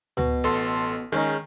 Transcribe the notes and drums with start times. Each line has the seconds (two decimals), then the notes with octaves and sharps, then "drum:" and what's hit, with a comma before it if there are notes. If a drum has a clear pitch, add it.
0.17 B2, drum: tom D2
0.44 A1 A4 C6
1.12 D#3 G#3 C#4 D#4